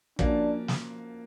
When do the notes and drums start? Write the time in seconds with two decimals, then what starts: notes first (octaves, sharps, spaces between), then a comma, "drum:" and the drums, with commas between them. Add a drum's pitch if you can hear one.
0.19 F3 A#3 C#4 D4 F#4, drum: kick
0.68 drum: snare